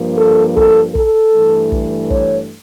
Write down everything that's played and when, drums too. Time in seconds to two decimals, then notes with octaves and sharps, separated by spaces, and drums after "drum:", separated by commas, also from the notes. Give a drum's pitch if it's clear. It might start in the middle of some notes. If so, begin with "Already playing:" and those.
Already playing: G2 F3 A#3
0.18 A4
0.57 A4, drum: kick
0.95 A4, drum: kick
1.34 G2 E3 A3
1.72 drum: kick
2.10 C#5, drum: kick